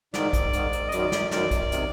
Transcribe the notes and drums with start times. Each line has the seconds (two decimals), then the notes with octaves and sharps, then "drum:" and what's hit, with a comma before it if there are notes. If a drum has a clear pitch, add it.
0.14 G#2 D#3 D5, drum: snare
0.33 drum: kick, hi-hat
0.53 G#2 D#3, drum: hi-hat
0.73 drum: hi-hat
0.88 D#5
0.92 F#2 D#3 D5, drum: hi-hat
1.12 drum: snare
1.31 F#2 D#3 D5, drum: snare
1.51 drum: kick, hi-hat
1.72 C3 D#3, drum: hi-hat